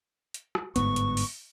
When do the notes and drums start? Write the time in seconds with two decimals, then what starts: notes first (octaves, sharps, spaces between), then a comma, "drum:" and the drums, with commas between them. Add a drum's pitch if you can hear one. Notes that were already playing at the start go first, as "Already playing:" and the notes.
0.34 drum: hi-hat
0.55 drum: rim click
0.76 G1 G#2 B3 C#6, drum: hi-hat
0.96 drum: hi-hat
1.17 drum: open hi-hat